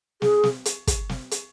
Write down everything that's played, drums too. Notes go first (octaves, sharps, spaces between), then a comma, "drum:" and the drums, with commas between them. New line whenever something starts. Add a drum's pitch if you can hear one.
G#4, drum: snare
drum: snare
drum: hi-hat
drum: kick, hi-hat
drum: snare
drum: hi-hat